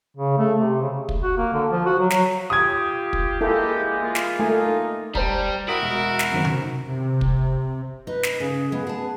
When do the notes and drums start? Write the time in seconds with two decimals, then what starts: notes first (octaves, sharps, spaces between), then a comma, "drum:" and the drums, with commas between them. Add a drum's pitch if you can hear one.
0.17 C#3
0.38 A3
0.59 C3
0.82 C#3
1.09 drum: kick
1.23 F#4
1.37 A#3
1.54 D3
1.71 F3
1.86 F#4
1.99 F#3
2.10 F#3, drum: snare
2.50 F4 G4 D#6 G#6
3.13 drum: kick
3.41 E3 G#3 A#3 E4 G4 A4
4.03 A#3 F4
4.15 drum: snare
4.39 A3 D#4 G#5
5.15 G3 C5 A5 A#5, drum: kick
5.68 E4 F#4 A#4 D#6 B6 D7
5.82 E1
6.19 drum: snare
6.32 F#2 D#3 C4
6.45 drum: tom C3
6.84 C3
7.21 drum: kick
8.07 D#4 B4
8.23 drum: snare
8.40 C#3 G#4
8.72 G#3 B3
8.87 G#4 A5